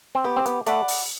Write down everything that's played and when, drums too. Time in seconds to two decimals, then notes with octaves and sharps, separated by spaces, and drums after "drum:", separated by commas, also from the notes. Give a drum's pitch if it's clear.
0.15 C4
0.24 B3 G4
0.37 C4
0.46 B3, drum: hi-hat
0.66 A3 D5 F#5 B5, drum: hi-hat
0.88 drum: open hi-hat